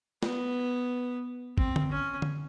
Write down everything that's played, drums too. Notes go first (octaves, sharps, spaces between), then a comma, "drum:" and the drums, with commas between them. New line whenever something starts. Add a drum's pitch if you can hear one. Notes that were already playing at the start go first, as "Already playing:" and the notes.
B3, drum: snare
C4, drum: kick
drum: tom D3
C#4
drum: tom D3